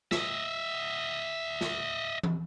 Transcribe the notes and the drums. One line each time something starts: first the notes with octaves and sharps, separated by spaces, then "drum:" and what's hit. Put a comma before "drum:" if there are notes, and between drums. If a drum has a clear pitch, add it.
D#5 E5, drum: snare
drum: snare
drum: tom